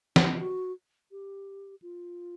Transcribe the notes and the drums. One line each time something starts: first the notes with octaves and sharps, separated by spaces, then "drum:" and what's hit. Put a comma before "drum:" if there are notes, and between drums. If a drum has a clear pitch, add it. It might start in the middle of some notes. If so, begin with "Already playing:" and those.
D#4, drum: snare
E4
F4
F#4
G4
F4